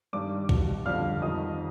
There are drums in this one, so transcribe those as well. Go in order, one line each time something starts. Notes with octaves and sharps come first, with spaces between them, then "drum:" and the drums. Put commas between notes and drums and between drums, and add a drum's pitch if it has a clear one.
G2 D#3 G3 D5 D6
B2 G3, drum: kick
F2 D3 G3 F5 F6
F2 D#3 G3 D#5 D#6